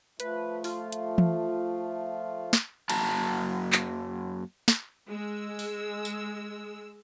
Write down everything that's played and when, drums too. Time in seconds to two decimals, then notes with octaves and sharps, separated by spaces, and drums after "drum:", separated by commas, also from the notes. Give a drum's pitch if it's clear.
0.20 F3 A3 B4, drum: hi-hat
0.64 F4, drum: open hi-hat
0.92 drum: hi-hat
1.18 drum: tom E3
2.53 drum: snare
2.90 F#2 F#3 A#3 A5 A#5, drum: cymbal
3.72 drum: clap
4.68 drum: snare
5.09 G#3 E6
5.59 drum: open hi-hat
6.05 drum: tambourine